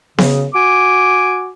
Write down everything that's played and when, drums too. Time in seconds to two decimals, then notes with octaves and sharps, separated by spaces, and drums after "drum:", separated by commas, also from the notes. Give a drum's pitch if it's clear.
0.18 C#3, drum: snare B3
0.55 F#4 G#5 D6